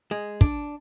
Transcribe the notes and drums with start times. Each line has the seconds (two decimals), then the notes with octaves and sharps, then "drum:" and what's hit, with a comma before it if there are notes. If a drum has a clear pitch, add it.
0.11 G#3
0.41 D4, drum: kick